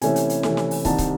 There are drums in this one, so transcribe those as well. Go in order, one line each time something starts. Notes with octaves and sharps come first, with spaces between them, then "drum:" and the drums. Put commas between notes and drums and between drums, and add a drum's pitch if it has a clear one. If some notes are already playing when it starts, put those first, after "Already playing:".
C3 E3 A3 C#4 E4 G#5, drum: hi-hat
drum: hi-hat
drum: hi-hat
C3 E3 A3 C#4 E4, drum: snare
drum: snare
drum: open hi-hat
C2 C3 D#3 A5, drum: kick, hi-hat
drum: kick, hi-hat